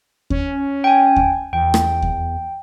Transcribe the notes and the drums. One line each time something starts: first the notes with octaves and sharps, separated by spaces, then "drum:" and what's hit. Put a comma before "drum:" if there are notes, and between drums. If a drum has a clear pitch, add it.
C#4, drum: kick D#2
G5 G#5
drum: kick D#2
E2 G5
drum: rim click
drum: kick D#2